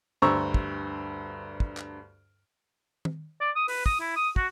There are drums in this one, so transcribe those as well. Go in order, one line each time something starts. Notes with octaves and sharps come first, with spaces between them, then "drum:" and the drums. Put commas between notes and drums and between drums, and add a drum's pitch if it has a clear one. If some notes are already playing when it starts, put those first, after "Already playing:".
D2 G2 C5 A#5 C#6 E6
drum: kick
drum: kick
drum: clap
drum: tom D#3
D5
D#6
B4, drum: open hi-hat
D#6, drum: kick
E4
D#6
F#4, drum: kick